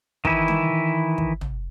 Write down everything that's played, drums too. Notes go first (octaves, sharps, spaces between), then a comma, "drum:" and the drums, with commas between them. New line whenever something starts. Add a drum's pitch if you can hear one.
D#3 E3 E4, drum: kick
drum: tom
drum: kick
drum: tom